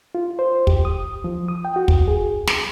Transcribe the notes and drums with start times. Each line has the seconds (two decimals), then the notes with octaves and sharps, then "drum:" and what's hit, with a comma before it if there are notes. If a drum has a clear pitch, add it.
0.15 F4
0.39 C5
0.67 G4, drum: kick
0.85 D#6
1.24 F3
1.49 D#6
1.65 G5
1.76 F#4
1.88 drum: kick
2.08 G#4
2.47 drum: snare